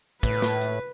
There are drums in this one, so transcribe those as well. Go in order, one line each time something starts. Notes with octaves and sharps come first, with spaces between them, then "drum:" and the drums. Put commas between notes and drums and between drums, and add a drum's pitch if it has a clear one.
A2 B4, drum: kick, hi-hat
drum: snare
drum: hi-hat